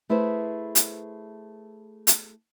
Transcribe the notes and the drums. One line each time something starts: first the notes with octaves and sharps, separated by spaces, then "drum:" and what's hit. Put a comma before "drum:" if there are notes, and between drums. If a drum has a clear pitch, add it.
A3 E4 G#4 B4 C5
drum: hi-hat
drum: hi-hat